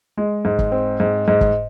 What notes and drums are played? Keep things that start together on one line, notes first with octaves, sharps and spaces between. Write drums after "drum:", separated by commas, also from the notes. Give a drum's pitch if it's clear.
G#3
G#2
drum: kick
C4
G#2
G#2
drum: kick